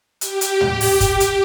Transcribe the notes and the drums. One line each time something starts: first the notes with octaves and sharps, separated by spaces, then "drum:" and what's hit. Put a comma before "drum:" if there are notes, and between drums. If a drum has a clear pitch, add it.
G4, drum: hi-hat
drum: hi-hat
drum: tom
drum: open hi-hat
drum: kick, hi-hat
drum: hi-hat